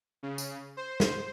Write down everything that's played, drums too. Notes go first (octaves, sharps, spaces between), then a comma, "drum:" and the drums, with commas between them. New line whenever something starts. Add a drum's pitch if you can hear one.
C#3
drum: tambourine
C5
drum: snare